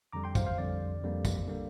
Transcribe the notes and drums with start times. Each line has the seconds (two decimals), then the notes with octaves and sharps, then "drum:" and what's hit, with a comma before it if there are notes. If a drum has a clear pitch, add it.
0.12 F2 D3 G3 A#5 D6
0.24 G5 C6
0.35 C5 F5, drum: kick, tambourine
0.46 C5 F5
0.58 F2 D3 G3 D5
1.03 F2 D3 G3 A#3
1.25 drum: kick, tambourine
1.47 D3 G3 A#3